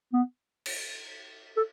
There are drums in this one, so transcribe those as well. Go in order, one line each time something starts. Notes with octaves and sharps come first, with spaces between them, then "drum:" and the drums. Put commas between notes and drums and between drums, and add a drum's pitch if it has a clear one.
B3
drum: cymbal
A4